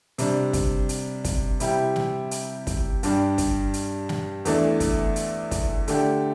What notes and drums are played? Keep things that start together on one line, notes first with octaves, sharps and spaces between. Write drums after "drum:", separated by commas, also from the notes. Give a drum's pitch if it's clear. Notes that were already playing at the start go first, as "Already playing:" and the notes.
C3 G3 D4, drum: hi-hat
drum: kick, hi-hat
drum: hi-hat
drum: kick, hi-hat
C3 G3 E4 G4, drum: hi-hat
drum: snare
drum: hi-hat
drum: kick, hi-hat
G2 G3 D4 G4, drum: hi-hat
drum: kick, hi-hat
drum: hi-hat
drum: snare
E2 E3 A3 D4, drum: hi-hat
drum: kick, hi-hat
drum: hi-hat
drum: kick, hi-hat
D3 A3 D4 G4, drum: hi-hat